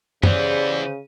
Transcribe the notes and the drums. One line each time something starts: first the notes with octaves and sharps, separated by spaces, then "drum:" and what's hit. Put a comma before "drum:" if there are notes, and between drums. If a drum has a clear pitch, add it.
C#3 E3 B3 G4 G#4 C5 D5, drum: tom F#2